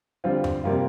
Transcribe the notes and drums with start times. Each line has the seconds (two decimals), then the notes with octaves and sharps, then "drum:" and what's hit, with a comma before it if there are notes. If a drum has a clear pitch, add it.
0.24 D3 G3 C4 F4
0.44 drum: tom F#2
0.64 C3 G3 A#3 F4